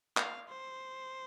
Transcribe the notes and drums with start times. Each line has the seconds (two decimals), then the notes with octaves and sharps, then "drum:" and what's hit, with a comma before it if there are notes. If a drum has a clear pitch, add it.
0.17 F5, drum: clap
0.49 C5